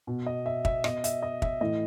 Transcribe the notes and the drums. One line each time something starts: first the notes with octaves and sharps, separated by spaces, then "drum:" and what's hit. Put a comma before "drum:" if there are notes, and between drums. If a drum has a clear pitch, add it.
B2
D#5
E5
E5, drum: kick
B2 D#5, drum: rim click
E5, drum: hi-hat
D#5
E5, drum: kick
A2 E3 D#5